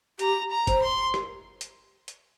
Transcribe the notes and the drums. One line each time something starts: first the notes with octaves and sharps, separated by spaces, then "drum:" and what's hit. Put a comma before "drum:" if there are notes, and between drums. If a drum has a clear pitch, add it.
G4 A#5, drum: hi-hat
A#5
C5, drum: kick, hi-hat
C6
drum: rim click
drum: hi-hat
drum: hi-hat